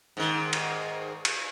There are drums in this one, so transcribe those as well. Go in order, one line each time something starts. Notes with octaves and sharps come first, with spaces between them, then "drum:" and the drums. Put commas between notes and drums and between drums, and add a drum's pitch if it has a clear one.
G#2 D#3
drum: cymbal
drum: cymbal